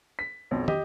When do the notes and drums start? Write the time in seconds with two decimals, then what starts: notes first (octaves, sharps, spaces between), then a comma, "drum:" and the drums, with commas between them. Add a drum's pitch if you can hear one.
0.19 B6
0.51 B1 F2
0.68 G4 D#5, drum: tom